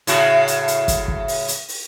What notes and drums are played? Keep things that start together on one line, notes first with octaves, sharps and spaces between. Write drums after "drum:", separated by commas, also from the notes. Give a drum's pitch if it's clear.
A2 C#3 F#4, drum: hi-hat
drum: hi-hat
drum: hi-hat
drum: kick, hi-hat
drum: kick
drum: open hi-hat
drum: hi-hat
drum: open hi-hat